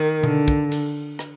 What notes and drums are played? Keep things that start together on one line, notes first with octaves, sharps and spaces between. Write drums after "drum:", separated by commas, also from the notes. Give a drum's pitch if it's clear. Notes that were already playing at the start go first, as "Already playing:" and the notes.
Already playing: D#3
D3, drum: tom B2
drum: kick
drum: cymbal
drum: rim click